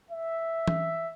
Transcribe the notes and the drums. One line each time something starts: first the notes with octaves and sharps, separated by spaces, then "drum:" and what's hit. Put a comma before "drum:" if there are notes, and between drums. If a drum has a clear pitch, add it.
E5
drum: tom E3